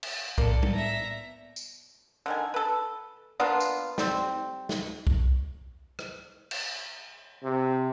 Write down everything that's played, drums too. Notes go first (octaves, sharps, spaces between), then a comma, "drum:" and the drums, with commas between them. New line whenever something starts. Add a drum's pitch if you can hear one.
drum: cymbal
A2 A#3 B3 A4 D5 C#7, drum: kick B1
drum: tom
E5 A#5
drum: tambourine
D3 D#3 G#5
A4 B4
A#3 B3 D4 F4
drum: tambourine
G3 C4, drum: snare
drum: snare
drum: kick B1
drum: rim click
drum: cymbal
C3